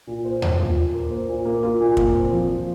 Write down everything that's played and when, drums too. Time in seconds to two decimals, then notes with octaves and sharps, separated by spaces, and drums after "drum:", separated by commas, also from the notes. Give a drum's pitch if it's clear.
0.07 A#2
0.25 C5
0.42 A#2, drum: tom D#2
0.59 F4
0.76 A#2
0.94 A#3
1.11 C5
1.28 A#2
1.45 A#3
1.63 F4
1.80 A#2
1.97 A#2, drum: kick
2.14 C4
2.32 F3
2.49 F3